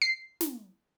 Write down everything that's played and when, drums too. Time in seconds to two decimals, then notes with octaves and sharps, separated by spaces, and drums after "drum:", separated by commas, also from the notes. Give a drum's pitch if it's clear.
0.02 C7
0.41 drum: snare